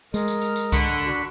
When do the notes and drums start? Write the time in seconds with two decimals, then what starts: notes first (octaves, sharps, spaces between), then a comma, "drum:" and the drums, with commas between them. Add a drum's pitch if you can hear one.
0.14 G#3 A#4 D#5, drum: tambourine
0.28 drum: tambourine
0.41 F6, drum: tambourine
0.56 drum: tambourine
0.72 D3 B5 C#6 F#6, drum: kick C2, tambourine
1.05 D4 F#4